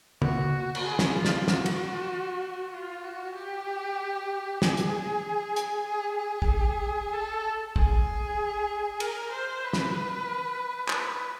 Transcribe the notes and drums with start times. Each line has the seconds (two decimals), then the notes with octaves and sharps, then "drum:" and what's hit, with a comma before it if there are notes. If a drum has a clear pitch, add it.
0.22 F#4, drum: tom
0.75 drum: cymbal
0.85 G#4
0.99 drum: snare
1.15 F4
1.25 drum: snare
1.48 F#4, drum: snare
1.66 drum: cymbal
2.73 F4
3.04 F#4
3.35 G4
4.62 G#4, drum: snare
4.77 drum: hi-hat
5.56 drum: hi-hat
5.86 G#4
6.18 G#4
6.42 drum: kick
7.13 A4
7.76 G#4, drum: kick
9.00 A#4, drum: cymbal
9.32 C5
9.64 B4
9.73 drum: snare
10.89 B4, drum: clap